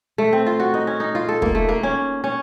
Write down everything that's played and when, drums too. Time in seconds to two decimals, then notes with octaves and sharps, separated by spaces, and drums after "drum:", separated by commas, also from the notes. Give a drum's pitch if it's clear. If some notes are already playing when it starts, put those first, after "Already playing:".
0.18 A3
0.33 C4
0.46 F4
0.60 F#4
0.74 D#4
0.87 C#4
1.00 D#4
1.15 F4
1.29 A4
1.42 A#3, drum: kick
1.55 A3
1.69 A#3
1.83 C#4
2.24 C#4